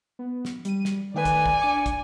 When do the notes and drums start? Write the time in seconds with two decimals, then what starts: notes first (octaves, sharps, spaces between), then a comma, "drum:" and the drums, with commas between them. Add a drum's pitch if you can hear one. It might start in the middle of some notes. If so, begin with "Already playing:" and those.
0.19 B3
0.45 drum: snare
0.65 G3 D#7, drum: hi-hat
0.85 drum: snare
1.14 D#3 A3 B4 D5 G#5
1.25 drum: kick, hi-hat
1.46 drum: kick
1.60 D4 D6 C#7
1.86 drum: kick, hi-hat